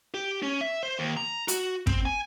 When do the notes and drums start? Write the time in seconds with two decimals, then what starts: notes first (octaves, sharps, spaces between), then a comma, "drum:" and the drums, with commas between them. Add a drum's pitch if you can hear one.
0.14 G4
0.42 C#4
0.61 E5
0.83 C5
0.99 D#2
1.17 A#5
1.48 F#4, drum: hi-hat
1.87 C4, drum: kick
2.05 G#5